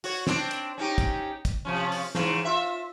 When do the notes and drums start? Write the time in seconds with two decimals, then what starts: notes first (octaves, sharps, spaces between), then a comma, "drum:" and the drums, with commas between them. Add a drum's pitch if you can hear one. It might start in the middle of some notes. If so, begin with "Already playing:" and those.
0.04 F#4 C#5, drum: open hi-hat
0.27 C4 D4, drum: snare
0.51 drum: hi-hat
0.78 C#4 D#4 G4
0.98 drum: kick, hi-hat
1.45 drum: kick, hi-hat
1.65 C3 F3 C#4
1.92 drum: open hi-hat
2.15 G#2 C#3 E3, drum: snare
2.45 F4 E5